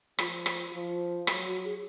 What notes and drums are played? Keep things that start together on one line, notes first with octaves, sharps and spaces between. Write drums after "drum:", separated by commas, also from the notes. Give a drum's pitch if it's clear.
F3 F4, drum: rim click
drum: rim click
F3
F#3, drum: rim click
F#4
G#4